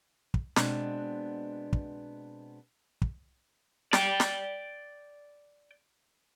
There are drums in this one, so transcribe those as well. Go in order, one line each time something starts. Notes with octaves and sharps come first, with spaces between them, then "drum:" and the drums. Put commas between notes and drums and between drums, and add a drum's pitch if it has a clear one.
drum: kick
B2 G#3 B3 C4 D4, drum: snare
drum: kick
drum: kick
D5 G5, drum: snare
drum: snare